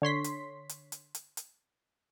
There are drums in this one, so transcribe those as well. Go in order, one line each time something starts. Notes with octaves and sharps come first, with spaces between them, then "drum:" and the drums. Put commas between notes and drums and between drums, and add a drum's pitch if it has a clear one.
D3 C#5 C6 B6
drum: hi-hat
drum: hi-hat
drum: hi-hat
drum: hi-hat
drum: hi-hat